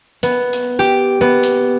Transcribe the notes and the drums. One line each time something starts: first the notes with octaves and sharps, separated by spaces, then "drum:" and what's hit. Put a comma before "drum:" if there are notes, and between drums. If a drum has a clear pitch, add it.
B3, drum: hi-hat
drum: hi-hat
G4
B3
drum: hi-hat